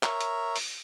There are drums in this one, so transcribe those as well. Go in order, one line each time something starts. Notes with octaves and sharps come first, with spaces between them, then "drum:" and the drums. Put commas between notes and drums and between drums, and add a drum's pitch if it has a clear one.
A#4 C#5 E5 A#5, drum: clap
drum: hi-hat
drum: open hi-hat